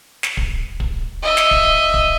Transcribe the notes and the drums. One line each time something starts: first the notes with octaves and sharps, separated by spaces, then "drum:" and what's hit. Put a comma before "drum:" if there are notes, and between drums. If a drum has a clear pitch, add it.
drum: snare
drum: kick
drum: kick
D#5 E5
drum: snare
drum: kick
drum: kick